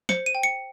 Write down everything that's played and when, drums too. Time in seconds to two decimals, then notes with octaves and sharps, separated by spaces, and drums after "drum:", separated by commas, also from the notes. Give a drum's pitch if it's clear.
0.09 C5 C#7, drum: snare
0.26 D#7
0.35 G5
0.43 C#7